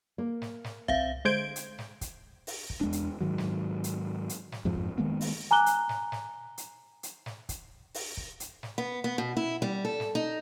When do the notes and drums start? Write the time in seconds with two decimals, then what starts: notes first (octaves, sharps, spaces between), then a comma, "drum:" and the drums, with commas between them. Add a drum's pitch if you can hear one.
0.18 A#3
0.42 drum: snare
0.64 drum: snare
0.88 C4 E5 F5, drum: tom C2
1.25 D3 G#3 C5 G6 G#6 D7
1.56 drum: hi-hat
1.78 drum: snare
2.01 drum: kick, hi-hat
2.47 drum: open hi-hat
2.70 drum: kick
2.81 E2 G#3 D4
2.93 drum: hi-hat
3.21 G#2 D#3 F#3
3.38 drum: snare
3.84 drum: hi-hat
4.29 drum: hi-hat
4.52 drum: snare
4.65 F2 G#2 F3
4.75 drum: kick
4.98 D#3 G#3 A#3 B3
5.21 drum: open hi-hat
5.51 G#5 A#5 D6 F#6 G7
5.66 drum: hi-hat
5.89 drum: snare
6.12 drum: snare
6.58 drum: hi-hat
7.03 drum: hi-hat
7.26 drum: snare
7.49 drum: kick, hi-hat
7.94 drum: open hi-hat
8.17 drum: kick
8.40 drum: hi-hat
8.63 drum: snare
8.78 B3
9.04 B3
9.18 B2
9.37 E4
9.62 G3
9.85 A4
10.00 drum: snare
10.15 D#4